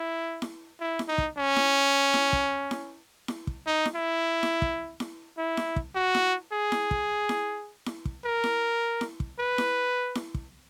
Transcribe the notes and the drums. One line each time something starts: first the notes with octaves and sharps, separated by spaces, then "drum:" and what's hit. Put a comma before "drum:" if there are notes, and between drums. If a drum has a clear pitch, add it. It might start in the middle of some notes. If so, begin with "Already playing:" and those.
Already playing: E4
drum: snare E4
E4
drum: snare E4
D#4
drum: kick
C#4
drum: snare E4
drum: snare E4
drum: kick
drum: snare E4
drum: snare E4
drum: kick
D#4
drum: snare E4
E4
drum: snare E4
drum: kick
drum: snare E4
E4
drum: snare E4
drum: kick
F#4
drum: snare E4
G#4
drum: snare E4
drum: kick
drum: snare E4
drum: snare E4
drum: kick
A#4
drum: snare E4
drum: snare E4
drum: kick
B4
drum: snare E4
drum: snare E4
drum: kick